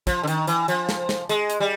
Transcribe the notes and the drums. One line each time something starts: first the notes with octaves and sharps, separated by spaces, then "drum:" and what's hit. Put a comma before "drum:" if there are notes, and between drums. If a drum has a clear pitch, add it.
F3, drum: kick, hi-hat
D3
D#3, drum: hi-hat
E3, drum: hi-hat
F3, drum: hi-hat
drum: snare
drum: snare
G#3, drum: hi-hat
drum: hi-hat
G3